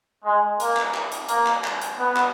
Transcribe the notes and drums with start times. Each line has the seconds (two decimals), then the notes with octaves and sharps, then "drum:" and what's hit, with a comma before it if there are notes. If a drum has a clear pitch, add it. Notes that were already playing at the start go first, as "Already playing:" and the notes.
0.24 G#3
0.60 A#3, drum: hi-hat
0.77 drum: clap
0.94 drum: clap
1.12 drum: hi-hat
1.29 A#3, drum: hi-hat
1.47 drum: clap
1.64 drum: clap
1.82 drum: hi-hat
1.99 B3
2.16 drum: clap